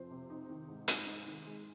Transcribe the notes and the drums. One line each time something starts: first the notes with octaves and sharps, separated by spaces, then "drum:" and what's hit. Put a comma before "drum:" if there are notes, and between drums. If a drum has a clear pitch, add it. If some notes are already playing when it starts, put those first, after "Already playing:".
Already playing: F2 C3 F3 C4 C5 C6
C3
D#4
D#3
G#2
G#3, drum: hi-hat
D#4
D#3
G#3